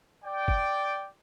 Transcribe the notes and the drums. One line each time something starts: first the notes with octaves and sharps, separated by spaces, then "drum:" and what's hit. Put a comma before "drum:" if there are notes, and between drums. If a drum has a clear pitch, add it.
D5 G5
drum: kick